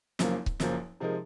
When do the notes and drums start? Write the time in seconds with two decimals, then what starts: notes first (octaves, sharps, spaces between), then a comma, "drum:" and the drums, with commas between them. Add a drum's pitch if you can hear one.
0.19 F#1 F#2 F3 A#3, drum: snare
0.46 drum: kick C#1
0.60 F#1 F#2 F3 A#3, drum: snare
1.00 C3 F3 G#3 D#4 A#4